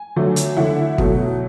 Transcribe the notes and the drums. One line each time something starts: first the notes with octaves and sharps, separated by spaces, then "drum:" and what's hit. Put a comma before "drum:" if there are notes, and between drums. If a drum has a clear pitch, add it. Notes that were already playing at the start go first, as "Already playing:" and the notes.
Already playing: G#5
D3 F#3 A3
drum: hi-hat
D3 A3 E4 F#5
B2 F#3 A3, drum: kick